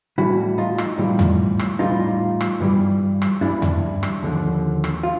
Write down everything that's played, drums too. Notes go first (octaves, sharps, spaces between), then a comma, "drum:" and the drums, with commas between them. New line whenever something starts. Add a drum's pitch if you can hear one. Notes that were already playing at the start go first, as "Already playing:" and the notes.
A2 E3 G3 E4 F#4
D#4 F4
drum: rim click
A2 E3 G3
drum: tom E2
drum: rim click
A2 E3 G3 D#4 F4
drum: rim click
G2 E3 G3
drum: rim click
G2 E3 G3 D4 E4
drum: tom E2
drum: rim click
D#2 D3 F3
drum: rim click
F4